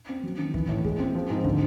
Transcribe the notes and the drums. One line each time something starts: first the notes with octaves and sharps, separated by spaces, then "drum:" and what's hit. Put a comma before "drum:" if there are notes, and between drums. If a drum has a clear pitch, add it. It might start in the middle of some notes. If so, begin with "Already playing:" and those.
C4
F#3
D#3
E3, drum: kick
A2
G#3, drum: kick
C4
F3
G#2
D3, drum: kick